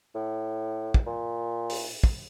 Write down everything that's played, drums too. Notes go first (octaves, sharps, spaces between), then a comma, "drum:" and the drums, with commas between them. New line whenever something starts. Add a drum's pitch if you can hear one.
A2
drum: kick
A#2
drum: open hi-hat
drum: kick